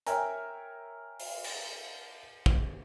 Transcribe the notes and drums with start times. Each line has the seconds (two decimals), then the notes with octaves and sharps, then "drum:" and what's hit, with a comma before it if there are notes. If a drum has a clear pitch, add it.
0.07 A#4 C#5 E5 G5 G#5 A#5, drum: hi-hat
1.20 drum: open hi-hat
1.44 drum: cymbal
2.46 drum: kick